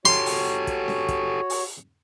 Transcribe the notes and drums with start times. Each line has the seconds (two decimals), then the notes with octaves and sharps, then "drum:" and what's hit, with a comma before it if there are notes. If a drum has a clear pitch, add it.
0.05 F#4 G4 A4 C#5 C6
0.26 drum: open hi-hat
0.67 drum: kick, hi-hat
0.88 drum: snare C#4
1.08 drum: kick, hi-hat
1.50 drum: open hi-hat